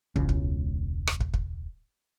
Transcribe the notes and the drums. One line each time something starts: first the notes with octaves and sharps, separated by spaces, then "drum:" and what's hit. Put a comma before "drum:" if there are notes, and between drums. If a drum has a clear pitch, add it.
E1 C#2 C#3, drum: kick
drum: kick
drum: rim click
drum: kick
drum: kick